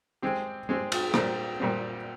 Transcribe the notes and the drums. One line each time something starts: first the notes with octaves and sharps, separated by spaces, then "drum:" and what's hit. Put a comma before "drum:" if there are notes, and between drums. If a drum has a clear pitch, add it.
G#3 C4 G4
G#3 C4 G4
drum: cymbal
A#2 G3 C4, drum: rim click
A#2 G3 C4